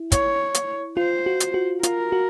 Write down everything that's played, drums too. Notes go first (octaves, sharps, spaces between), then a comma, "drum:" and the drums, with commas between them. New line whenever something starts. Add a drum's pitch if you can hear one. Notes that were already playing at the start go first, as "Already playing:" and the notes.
Already playing: E4
C#5, drum: kick, hi-hat
drum: hi-hat
F4 C5
F#4
drum: hi-hat
F#4
F4 A#4, drum: hi-hat
F#4